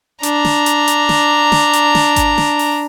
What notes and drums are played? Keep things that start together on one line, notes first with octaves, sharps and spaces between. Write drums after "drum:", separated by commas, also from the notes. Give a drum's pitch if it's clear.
D4 A#5, drum: hi-hat
drum: snare
drum: hi-hat
drum: hi-hat
drum: snare
drum: snare
drum: hi-hat
drum: snare
drum: kick G#1, hi-hat
drum: snare
drum: open hi-hat